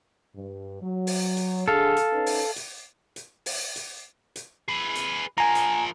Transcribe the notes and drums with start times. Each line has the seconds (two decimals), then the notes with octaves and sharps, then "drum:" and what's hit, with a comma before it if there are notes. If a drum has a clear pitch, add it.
0.35 G2
0.81 F#3
1.07 drum: open hi-hat
1.37 drum: hi-hat
1.68 D3 G#4 A4 F5
1.97 drum: hi-hat
2.11 C#4 D#4 B4
2.26 drum: open hi-hat
2.56 drum: hi-hat
3.16 drum: hi-hat
3.46 drum: open hi-hat
3.76 drum: hi-hat
4.36 drum: hi-hat
4.68 G#4 B4
4.95 drum: hi-hat
5.38 F3 A#4 G#5 A#5
5.55 drum: hi-hat